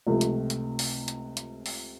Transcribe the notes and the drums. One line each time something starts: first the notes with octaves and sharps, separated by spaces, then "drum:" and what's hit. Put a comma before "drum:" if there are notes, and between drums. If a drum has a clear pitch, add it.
C#2 C3 F3 A3
drum: hi-hat
drum: hi-hat
drum: open hi-hat
drum: hi-hat
drum: hi-hat
drum: open hi-hat